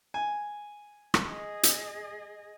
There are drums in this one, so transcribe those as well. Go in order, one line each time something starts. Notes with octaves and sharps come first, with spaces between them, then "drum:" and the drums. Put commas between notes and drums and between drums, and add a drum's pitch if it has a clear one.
G#5
drum: rim click
G#4 D#5
drum: hi-hat